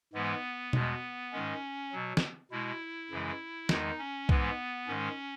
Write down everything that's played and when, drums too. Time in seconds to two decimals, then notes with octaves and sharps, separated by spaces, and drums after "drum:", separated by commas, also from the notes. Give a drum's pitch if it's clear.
0.13 G#2 E3 G#3 B3
0.73 E2 B2 G#3, drum: tom B2
1.32 G#2 D#3 G#3 C#4
1.92 B2 F#3
2.17 drum: snare
2.51 B2 G#3 E4
3.11 F#2 C#3 E3 G#3
3.69 E2 D#3 G#3 D#4, drum: snare
3.99 C#4
4.29 G#2 E3 G#3 B3, drum: kick B1
4.88 G#2 D#3 G#3 C#4